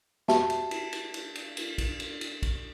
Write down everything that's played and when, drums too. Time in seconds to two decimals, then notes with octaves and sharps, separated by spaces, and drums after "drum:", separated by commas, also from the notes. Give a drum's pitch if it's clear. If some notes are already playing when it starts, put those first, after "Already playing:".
0.28 F#4 G4 E5 A5, drum: snare
0.50 drum: cymbal
0.71 drum: cymbal
0.93 drum: cymbal
1.14 drum: cymbal
1.35 drum: cymbal
1.57 drum: cymbal
1.78 drum: kick, cymbal
2.00 drum: cymbal
2.21 drum: cymbal
2.43 drum: kick, cymbal